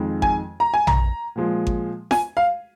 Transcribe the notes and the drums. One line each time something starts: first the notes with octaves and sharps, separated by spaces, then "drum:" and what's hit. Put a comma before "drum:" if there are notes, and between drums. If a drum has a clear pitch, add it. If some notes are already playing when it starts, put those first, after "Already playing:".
Already playing: F2 D#3 G#3
G#5, drum: kick G#1
A#5
G#5
A#5, drum: tom A#1
A#2 F3 G#3
drum: kick G#1
G#5, drum: snare F4
F5